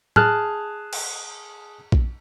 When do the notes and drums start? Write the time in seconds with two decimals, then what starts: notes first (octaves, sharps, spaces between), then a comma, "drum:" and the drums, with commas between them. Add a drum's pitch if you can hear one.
0.16 G#4 A5 F6 F#6, drum: tom A2
0.93 drum: cymbal
1.92 drum: kick A#1